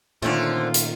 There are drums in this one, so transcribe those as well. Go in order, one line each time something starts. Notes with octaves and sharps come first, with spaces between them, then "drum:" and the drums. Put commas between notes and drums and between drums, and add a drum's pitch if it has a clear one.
A#2 D3 D#3 A3 C4 C#4 F4 D5
drum: hi-hat